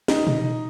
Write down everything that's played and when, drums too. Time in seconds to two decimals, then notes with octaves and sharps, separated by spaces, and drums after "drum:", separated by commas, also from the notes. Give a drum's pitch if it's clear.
0.08 D#4, drum: snare
0.27 drum: tom A#2